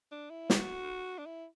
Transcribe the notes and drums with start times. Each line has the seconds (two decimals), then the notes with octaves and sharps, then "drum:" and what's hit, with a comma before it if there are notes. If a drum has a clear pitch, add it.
0.12 D4
0.30 E4
0.50 F#4, drum: snare
1.18 D4
1.26 E4